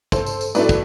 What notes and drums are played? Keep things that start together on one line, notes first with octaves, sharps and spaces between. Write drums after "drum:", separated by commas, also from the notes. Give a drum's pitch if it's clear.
A4 C5, drum: kick, tambourine
drum: tambourine
drum: tambourine
A2 F#3 A3 B4 D5, drum: tambourine
drum: kick, tambourine